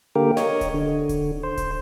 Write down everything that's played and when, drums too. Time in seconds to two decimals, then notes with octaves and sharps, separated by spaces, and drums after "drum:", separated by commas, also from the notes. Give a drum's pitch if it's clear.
0.15 D3 A#3 G4 A#4
0.37 C#5 D#5, drum: snare
0.61 drum: kick D1, hi-hat
0.74 D3
1.09 drum: kick D1, hi-hat
1.43 C5
1.57 drum: kick D1, hi-hat